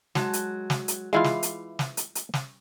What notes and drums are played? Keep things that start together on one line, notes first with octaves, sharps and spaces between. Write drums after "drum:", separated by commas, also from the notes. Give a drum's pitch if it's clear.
F#3 G#3 A5, drum: snare
drum: hi-hat
drum: snare
drum: hi-hat
E3 G#3 E4 F4 F5
drum: snare
drum: hi-hat
drum: snare
drum: hi-hat
drum: hi-hat
drum: snare